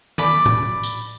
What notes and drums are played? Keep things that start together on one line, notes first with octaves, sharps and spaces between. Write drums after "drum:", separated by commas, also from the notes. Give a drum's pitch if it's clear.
D5 B5, drum: tom D#3
drum: tom A2
drum: tambourine